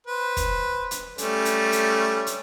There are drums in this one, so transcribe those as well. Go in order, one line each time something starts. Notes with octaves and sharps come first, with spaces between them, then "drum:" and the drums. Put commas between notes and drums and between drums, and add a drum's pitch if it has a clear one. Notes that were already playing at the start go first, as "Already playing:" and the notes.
B4 C5
drum: kick, hi-hat
drum: hi-hat
G3 A3 C#4, drum: hi-hat
drum: hi-hat
drum: hi-hat
drum: hi-hat